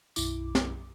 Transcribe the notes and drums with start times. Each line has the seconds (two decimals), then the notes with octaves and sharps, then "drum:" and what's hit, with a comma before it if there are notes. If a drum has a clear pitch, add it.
0.16 B1 F#2 E4 D6, drum: tambourine
0.55 drum: snare